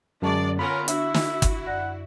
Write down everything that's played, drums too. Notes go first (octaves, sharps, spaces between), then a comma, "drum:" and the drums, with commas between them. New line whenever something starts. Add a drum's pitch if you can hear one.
F#2 D3 G#3 D5 A5 C#6
B3 C#4 F4 A#4 B5
D4 E4 F#4 E5, drum: hi-hat
drum: snare
drum: kick G1, hi-hat
F#2 D5 F#5 A#6